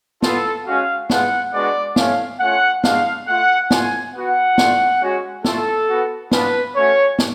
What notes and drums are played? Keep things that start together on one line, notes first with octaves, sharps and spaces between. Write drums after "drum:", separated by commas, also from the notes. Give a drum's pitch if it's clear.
B3 F4 A4, drum: snare
G#3 C#4 F#4 F5
G#3 B3 F4 F#5, drum: snare
G#3 B3 D4 F#4 D5
A3 C#4 F4 F5, drum: snare
A3 C#4 F4 F#5
G#3 D4 F#4 F5, drum: snare
A3 F4 F#5
A3 F4 G#5, drum: snare
B3 F#4 F#5
A3 D4 F4, drum: snare
G#3 C#4 F#4
A3 F4 A4, drum: snare
B3 F#4
B3 D4 F4 B4, drum: snare
A3 C#4 F#4 C#5
drum: snare